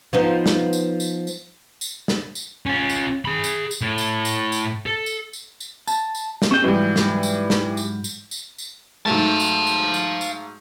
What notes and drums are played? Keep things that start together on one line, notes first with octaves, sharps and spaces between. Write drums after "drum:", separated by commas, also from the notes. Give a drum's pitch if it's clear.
F3 B3 D#4
drum: snare
drum: tambourine
drum: tambourine
drum: tambourine
drum: tambourine
drum: snare
drum: tambourine
C#4 F4
drum: tambourine
G#4 B5
drum: tambourine
drum: tambourine
A2
drum: tambourine
drum: tambourine
drum: tambourine
A4
drum: tambourine
drum: tambourine
drum: tambourine
A5, drum: tambourine
drum: tambourine
drum: snare
C4 G#4 D#5 C#6 G6
G#2 E3 F#3 G3
drum: snare
drum: tambourine
drum: snare
drum: tambourine
drum: tambourine
drum: tambourine
drum: tambourine
G#2 F#3 A3 F5 A5
drum: tambourine
drum: tambourine
drum: tambourine
drum: tambourine